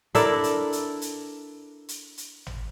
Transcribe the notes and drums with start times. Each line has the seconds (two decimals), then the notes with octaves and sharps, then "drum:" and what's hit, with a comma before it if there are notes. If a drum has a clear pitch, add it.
0.15 D4 E4 A4 A#4, drum: hi-hat
0.44 drum: hi-hat
0.73 drum: hi-hat
1.02 drum: hi-hat
1.89 drum: hi-hat
2.18 drum: hi-hat
2.47 drum: tom